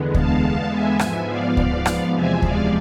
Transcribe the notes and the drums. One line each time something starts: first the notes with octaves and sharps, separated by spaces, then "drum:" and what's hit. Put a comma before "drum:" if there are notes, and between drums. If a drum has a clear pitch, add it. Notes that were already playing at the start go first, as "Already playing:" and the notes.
Already playing: E2 D3 G#3 B3
F5 A5, drum: kick D2
F5 A5
E5 G#5
G#2 F3 B3 E5 G#5, drum: rim click
D5 F5
drum: kick D2
drum: rim click
E2 C3 F3 G#3 E5 G#5
D5 F5, drum: kick D2